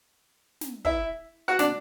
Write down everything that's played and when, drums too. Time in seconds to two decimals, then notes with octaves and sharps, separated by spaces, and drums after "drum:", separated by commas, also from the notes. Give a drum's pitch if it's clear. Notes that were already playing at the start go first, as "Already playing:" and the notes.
0.61 drum: snare
0.85 E4 E5, drum: kick
1.48 F#4 F#5
1.59 D4 D5, drum: snare